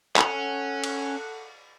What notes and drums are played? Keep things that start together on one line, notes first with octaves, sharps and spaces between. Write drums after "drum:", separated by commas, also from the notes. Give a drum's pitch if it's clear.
C#4 A4 F#5, drum: clap
drum: cymbal